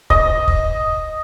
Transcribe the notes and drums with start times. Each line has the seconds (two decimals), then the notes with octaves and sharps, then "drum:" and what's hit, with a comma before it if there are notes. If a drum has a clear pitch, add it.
0.10 D#5, drum: kick
0.48 drum: kick